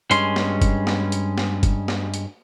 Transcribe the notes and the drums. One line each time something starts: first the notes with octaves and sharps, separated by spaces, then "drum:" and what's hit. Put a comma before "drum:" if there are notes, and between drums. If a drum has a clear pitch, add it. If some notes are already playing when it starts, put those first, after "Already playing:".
G2 G#3 C#4 C6, drum: hi-hat
drum: snare
drum: kick F#1, hi-hat
drum: snare
drum: hi-hat
drum: snare
drum: kick F#1, hi-hat
drum: snare
drum: hi-hat